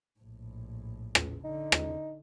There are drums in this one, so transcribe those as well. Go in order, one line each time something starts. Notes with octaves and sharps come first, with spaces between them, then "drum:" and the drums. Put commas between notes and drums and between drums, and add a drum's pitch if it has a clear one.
A#1 A2
drum: rim click
D3 D#4
drum: rim click